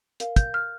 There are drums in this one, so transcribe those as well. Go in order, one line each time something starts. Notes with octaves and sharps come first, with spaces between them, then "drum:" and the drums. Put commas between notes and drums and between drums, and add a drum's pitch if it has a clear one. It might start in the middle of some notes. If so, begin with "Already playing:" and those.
A#4 F5, drum: hi-hat
G6, drum: kick, hi-hat
F6